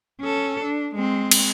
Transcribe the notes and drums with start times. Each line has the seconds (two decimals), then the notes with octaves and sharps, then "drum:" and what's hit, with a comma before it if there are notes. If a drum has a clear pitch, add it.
0.21 C#4 A4
0.64 D4
0.95 G#3 C4
1.31 drum: cymbal